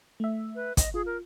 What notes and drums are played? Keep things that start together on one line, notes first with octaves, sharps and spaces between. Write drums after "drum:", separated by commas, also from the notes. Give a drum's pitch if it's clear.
A3 E5
B4
D#5, drum: kick, hi-hat
F4 G#4
A#4